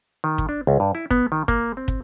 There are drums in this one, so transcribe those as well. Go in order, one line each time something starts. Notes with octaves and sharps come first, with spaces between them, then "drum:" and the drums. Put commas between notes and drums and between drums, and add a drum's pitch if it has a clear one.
D#3
drum: kick
D4
C#2
G2
E4
B3, drum: kick
D#3
A#3, drum: kick
C4
drum: kick